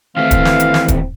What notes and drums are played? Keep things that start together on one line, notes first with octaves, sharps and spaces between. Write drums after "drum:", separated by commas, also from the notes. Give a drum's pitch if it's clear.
D#2 E3 A3 C4 F5
drum: kick, hi-hat
drum: snare
drum: hi-hat
drum: snare
drum: kick, hi-hat